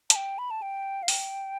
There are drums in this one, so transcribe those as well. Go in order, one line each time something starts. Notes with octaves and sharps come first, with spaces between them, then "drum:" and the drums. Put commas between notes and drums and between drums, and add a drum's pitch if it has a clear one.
A5, drum: hi-hat
G5
B5
A5
G5
F5
G5, drum: open hi-hat